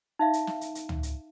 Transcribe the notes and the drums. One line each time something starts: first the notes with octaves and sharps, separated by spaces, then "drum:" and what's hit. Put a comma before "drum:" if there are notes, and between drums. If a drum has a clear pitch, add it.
D#4 E5 F5
drum: hi-hat
drum: snare
drum: hi-hat
drum: hi-hat
drum: tom
drum: hi-hat